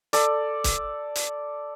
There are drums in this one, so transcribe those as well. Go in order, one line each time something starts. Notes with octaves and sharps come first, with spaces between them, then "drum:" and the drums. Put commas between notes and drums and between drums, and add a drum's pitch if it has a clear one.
A4 D5, drum: hi-hat
drum: kick, hi-hat
drum: hi-hat